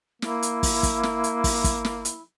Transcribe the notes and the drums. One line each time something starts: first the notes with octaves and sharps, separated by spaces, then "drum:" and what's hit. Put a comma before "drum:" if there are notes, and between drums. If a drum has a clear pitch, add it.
A#3 E4, drum: snare
drum: hi-hat
drum: kick, open hi-hat
drum: kick, hi-hat
drum: snare
drum: hi-hat
drum: kick, open hi-hat
drum: kick, hi-hat
drum: snare
drum: hi-hat